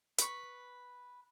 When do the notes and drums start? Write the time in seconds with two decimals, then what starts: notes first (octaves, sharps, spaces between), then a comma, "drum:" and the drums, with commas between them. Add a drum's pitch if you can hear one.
0.18 B4 C#6, drum: hi-hat